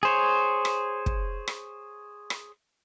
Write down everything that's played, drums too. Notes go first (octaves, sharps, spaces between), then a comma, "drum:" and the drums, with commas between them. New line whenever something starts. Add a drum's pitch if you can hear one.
G#4 C5 C#5
drum: rim click
drum: kick
drum: rim click
drum: rim click